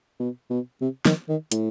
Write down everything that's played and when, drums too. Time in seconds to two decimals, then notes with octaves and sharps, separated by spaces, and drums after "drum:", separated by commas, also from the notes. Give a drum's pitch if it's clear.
0.20 B2
0.50 B2
0.81 C3
1.05 D#3, drum: snare
1.29 D#3
1.52 A2, drum: hi-hat